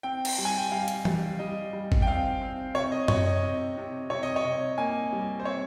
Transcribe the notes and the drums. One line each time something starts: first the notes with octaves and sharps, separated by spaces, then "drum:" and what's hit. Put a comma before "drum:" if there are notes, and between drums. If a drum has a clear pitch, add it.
C4 G5
drum: cymbal
G3
G#5
G5
G3 F5
drum: hi-hat
G3, drum: tom E3
G3 D#5
G3
drum: kick G#1
G5
C4 F5
C4
C3 C#5
D#5
C3 C#5, drum: tom F#2
D#5
C3
C3
C3 C#5
D#5
C#5
C3
A#3 G#5
G3
C5
C4 C#5